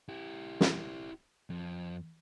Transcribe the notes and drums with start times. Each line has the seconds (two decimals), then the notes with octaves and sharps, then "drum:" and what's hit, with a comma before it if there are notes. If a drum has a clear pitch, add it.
0.09 E4 G4
0.61 drum: snare
1.50 F2